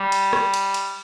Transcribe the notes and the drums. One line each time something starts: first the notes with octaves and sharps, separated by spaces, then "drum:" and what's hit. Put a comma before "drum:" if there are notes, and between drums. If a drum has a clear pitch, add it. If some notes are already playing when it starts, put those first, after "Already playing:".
Already playing: G3
drum: cymbal
drum: rim click
drum: cymbal
drum: cymbal